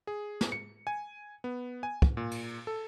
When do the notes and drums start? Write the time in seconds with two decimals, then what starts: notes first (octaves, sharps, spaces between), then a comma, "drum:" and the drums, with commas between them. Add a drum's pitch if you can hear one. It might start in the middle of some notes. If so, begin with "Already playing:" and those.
0.07 G#4
0.41 drum: snare
0.52 C#7
0.87 G#5
1.44 B3
1.83 G#5
2.02 drum: kick
2.17 A#2
2.31 drum: cymbal
2.67 A4